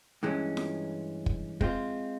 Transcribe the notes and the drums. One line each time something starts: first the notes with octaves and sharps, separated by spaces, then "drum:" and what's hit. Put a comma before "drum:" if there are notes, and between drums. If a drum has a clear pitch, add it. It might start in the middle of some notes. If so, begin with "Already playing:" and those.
G2 E3 G#3 C#4
drum: snare
drum: kick
G#3 C4 F4, drum: kick